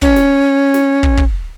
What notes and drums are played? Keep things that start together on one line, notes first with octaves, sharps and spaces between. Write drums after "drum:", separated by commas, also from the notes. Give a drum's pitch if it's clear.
C#4, drum: kick
drum: snare
drum: snare
drum: kick
drum: kick